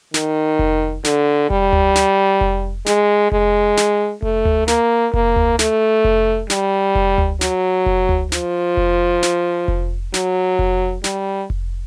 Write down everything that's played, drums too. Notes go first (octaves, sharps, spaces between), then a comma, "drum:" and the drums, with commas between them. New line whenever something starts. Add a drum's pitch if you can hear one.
D#3, drum: snare
drum: kick F1
D3, drum: snare
G3, drum: kick F1
drum: tom D2
drum: snare
drum: kick F1
G#3, drum: snare
G#3, drum: kick F1
drum: snare
A3, drum: kick F1
drum: tom D2
A#3, drum: snare
A#3, drum: kick F1
drum: tom D2
A3, drum: snare
drum: kick F1
G3, drum: snare
drum: kick F1
drum: tom D2
F#3, drum: snare
drum: kick F1
drum: tom D2
F3, drum: snare
drum: kick F1
drum: snare
drum: kick F1
F#3, drum: snare
drum: kick F1
G3, drum: snare
drum: kick F1